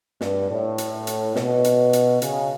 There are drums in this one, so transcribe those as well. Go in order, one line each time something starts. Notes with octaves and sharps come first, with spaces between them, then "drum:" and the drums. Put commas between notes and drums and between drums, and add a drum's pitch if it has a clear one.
G2, drum: snare
A2
drum: hi-hat
drum: hi-hat
B2, drum: snare
drum: hi-hat
drum: hi-hat
C#3, drum: hi-hat